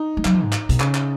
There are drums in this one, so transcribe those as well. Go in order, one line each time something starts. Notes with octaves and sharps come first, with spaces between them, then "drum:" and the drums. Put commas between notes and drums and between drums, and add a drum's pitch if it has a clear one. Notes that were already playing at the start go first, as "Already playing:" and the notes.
Already playing: D#4
G#3
F#3, drum: clap
F3
G#2
drum: clap
B2, drum: kick B1, hi-hat
C#3, drum: clap
drum: clap